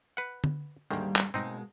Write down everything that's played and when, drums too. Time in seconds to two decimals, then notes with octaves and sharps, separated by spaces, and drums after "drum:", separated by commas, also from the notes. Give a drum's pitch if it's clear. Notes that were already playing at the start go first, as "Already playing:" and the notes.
0.17 B4 F#5
0.44 drum: tom D3
0.91 D2 G#2 D#3 G3 A#3
1.16 drum: clap
1.34 B2 G#3 A#3 C4 D#4